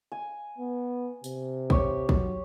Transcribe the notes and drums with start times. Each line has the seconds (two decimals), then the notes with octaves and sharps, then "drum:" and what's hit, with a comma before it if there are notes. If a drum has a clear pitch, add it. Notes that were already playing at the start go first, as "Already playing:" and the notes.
0.12 G#5
0.58 B3
1.24 C3, drum: tambourine
1.70 G4 C#5, drum: kick
2.09 F#3, drum: kick